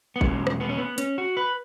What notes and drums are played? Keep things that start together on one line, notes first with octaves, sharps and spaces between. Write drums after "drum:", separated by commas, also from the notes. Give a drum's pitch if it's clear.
B3
E2 B2 G#3 C#4, drum: kick
drum: rim click
B3
C#4
B3
C#4, drum: hi-hat
F#4
B4